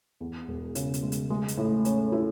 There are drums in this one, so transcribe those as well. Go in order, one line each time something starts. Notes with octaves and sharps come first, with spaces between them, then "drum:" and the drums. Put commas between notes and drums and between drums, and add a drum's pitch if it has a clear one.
E2
E1
C#3, drum: hi-hat
drum: hi-hat
G#3
drum: hi-hat
G#3
drum: hi-hat
A2
C#4, drum: hi-hat
E4